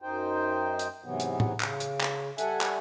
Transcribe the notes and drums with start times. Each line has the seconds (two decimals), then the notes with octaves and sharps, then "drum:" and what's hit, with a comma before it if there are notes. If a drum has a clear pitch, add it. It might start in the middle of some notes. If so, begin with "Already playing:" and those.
0.02 F#2 D#4 C5 G5
0.79 drum: hi-hat
1.05 G#2 C3 E3 F#3 B3
1.20 drum: hi-hat
1.40 drum: tom A2
1.60 C#3, drum: clap
1.80 drum: hi-hat
2.01 drum: clap
2.38 G3 A4 E5 F#5 G#5, drum: hi-hat
2.61 drum: clap